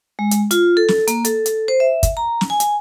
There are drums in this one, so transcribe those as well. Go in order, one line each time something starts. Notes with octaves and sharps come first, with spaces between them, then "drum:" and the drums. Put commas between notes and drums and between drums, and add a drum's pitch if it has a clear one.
G#3
drum: hi-hat
F4, drum: hi-hat
A4
drum: snare
A#3, drum: hi-hat
A4, drum: hi-hat
drum: hi-hat
C5
E5
drum: kick, hi-hat
A#5
drum: snare
G#5
drum: hi-hat